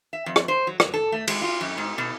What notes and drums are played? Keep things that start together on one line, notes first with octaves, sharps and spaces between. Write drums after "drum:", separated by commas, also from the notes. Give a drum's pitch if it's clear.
E5
F2
drum: rim click
C5
F#3
F#3, drum: rim click
A4
A3
G#3, drum: cymbal
F4
F#2
G#2
B2